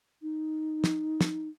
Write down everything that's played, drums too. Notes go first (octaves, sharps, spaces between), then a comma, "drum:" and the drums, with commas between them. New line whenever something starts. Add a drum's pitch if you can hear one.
D#4
drum: snare
drum: snare